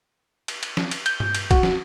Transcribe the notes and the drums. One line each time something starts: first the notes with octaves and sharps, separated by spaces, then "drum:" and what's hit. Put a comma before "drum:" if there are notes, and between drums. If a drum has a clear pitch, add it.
drum: cymbal
drum: cymbal
drum: snare
drum: cymbal
G6, drum: cymbal
drum: tom G2
drum: cymbal
F#4, drum: kick, cymbal
drum: snare